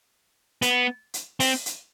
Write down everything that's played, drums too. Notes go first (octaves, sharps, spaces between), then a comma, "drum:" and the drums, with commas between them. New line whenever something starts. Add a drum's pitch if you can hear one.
B3, drum: hi-hat
drum: hi-hat
C4, drum: open hi-hat
drum: hi-hat